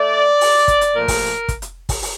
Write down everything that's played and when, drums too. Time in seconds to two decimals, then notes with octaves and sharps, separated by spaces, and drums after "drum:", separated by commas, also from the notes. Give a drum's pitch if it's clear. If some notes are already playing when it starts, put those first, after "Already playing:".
Already playing: A3 D5
0.41 drum: open hi-hat
0.68 drum: kick, hi-hat
0.81 drum: hi-hat
0.94 A#2 F3 A3 A#4
1.08 drum: kick, open hi-hat
1.48 drum: kick, hi-hat
1.62 drum: hi-hat
1.89 drum: kick, open hi-hat
2.02 drum: open hi-hat